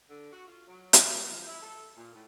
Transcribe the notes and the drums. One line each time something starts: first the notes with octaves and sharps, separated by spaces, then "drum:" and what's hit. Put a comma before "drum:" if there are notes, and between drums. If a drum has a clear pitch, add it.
D3
F#4
F4
F#3
C#3, drum: hi-hat
B3
F3
E4
A4
A#2
A2